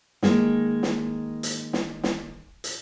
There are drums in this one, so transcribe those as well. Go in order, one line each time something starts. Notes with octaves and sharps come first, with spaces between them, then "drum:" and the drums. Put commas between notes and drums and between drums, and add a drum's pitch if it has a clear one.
D#3 G#3 A#3, drum: snare
drum: snare
drum: hi-hat
drum: snare
drum: snare
drum: hi-hat